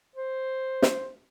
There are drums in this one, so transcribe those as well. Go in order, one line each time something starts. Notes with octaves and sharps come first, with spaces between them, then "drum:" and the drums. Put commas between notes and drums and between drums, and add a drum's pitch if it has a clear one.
C5
drum: snare